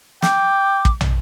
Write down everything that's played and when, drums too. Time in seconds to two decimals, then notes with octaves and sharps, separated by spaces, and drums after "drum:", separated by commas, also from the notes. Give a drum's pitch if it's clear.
0.22 G5 D6, drum: snare
0.85 drum: kick
1.01 drum: tom